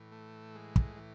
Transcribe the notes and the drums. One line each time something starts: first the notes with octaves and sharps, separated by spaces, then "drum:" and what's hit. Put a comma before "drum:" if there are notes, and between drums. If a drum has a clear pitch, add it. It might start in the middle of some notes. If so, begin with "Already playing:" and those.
Already playing: A2 E3
A3
G#3
drum: kick
E3